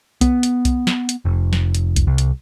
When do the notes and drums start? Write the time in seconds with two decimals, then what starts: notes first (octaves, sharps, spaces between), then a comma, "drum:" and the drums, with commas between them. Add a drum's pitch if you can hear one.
0.21 B3, drum: kick B1, hi-hat
0.43 drum: hi-hat
0.65 drum: kick B1, hi-hat
0.87 drum: snare
1.09 drum: hi-hat
1.25 F1
1.53 drum: snare
1.75 drum: hi-hat
1.96 drum: kick B1, hi-hat
2.07 C2
2.18 drum: hi-hat